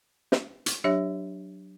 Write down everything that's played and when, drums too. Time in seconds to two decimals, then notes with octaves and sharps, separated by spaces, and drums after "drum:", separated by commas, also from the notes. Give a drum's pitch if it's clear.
0.32 drum: snare
0.66 drum: hi-hat
0.84 F#3 D4 G4 C#5 E5